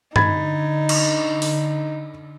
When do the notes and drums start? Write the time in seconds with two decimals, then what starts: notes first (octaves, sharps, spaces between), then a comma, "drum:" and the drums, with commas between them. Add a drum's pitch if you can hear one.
0.16 D3 D#4 B5 G#6 A6, drum: tom G2
0.89 drum: cymbal
1.42 drum: open hi-hat